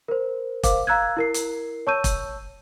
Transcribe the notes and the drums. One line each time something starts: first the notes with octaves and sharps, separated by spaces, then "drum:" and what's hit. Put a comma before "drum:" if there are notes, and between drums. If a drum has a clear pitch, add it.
A#4 C5
A#4 C5 F5 D6, drum: kick E1, hi-hat
F5 A#5 E6 F#6 G#6
E4 A#4 C7
drum: hi-hat
C#5 A5 C#6 E6 G6 D#7
drum: kick E1, hi-hat